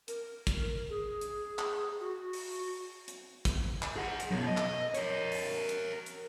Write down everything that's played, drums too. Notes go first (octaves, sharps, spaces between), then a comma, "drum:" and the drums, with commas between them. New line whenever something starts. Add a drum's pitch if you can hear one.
A#4, drum: hi-hat
drum: kick, hi-hat
G#4
drum: hi-hat
drum: clap
F#4
drum: open hi-hat
drum: hi-hat
drum: kick, hi-hat
drum: clap
G#4 F#5
drum: hi-hat
F#2 B2
D#5
drum: clap
A#4 C#5, drum: hi-hat
drum: open hi-hat
drum: hi-hat
drum: hi-hat